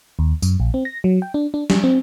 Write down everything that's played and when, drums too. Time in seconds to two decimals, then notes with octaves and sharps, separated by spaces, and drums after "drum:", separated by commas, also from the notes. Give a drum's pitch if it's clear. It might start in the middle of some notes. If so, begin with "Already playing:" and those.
0.19 D#2
0.42 F#2, drum: tambourine
0.60 A#1
0.74 C4
0.85 A#6
1.04 F#3
1.22 G5
1.34 D4
1.54 D4
1.70 G3, drum: snare
1.84 C4